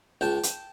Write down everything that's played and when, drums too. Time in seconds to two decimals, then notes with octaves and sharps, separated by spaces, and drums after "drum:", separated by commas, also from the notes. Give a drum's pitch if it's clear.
0.21 C#2 G5 A5
0.43 drum: hi-hat